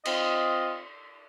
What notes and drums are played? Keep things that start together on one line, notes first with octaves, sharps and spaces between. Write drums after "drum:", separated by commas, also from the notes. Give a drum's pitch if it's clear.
C4 F4 D#5, drum: cymbal